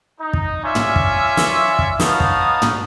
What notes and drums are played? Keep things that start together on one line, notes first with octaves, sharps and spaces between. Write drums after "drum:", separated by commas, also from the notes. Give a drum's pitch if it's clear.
D#4
drum: kick
C#4 F4 D5 E5 G#5 C#6
drum: tom
drum: kick
drum: snare
drum: kick
B3 D#4 C#5 F5 A5 D#6, drum: snare
drum: kick
drum: tom